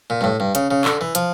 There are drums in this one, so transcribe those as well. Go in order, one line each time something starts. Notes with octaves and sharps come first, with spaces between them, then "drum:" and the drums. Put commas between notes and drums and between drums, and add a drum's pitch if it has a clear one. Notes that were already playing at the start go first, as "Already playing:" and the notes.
A#2
G2
A2
G2
C#3, drum: hi-hat
C#3
D3, drum: clap
E3
F3, drum: hi-hat